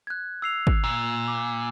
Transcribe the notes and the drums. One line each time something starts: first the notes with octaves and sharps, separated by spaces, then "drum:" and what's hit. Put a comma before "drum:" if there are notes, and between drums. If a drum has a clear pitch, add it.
F#6 G#6
E6 C7 F7
drum: kick G#1
A#2 E6
D6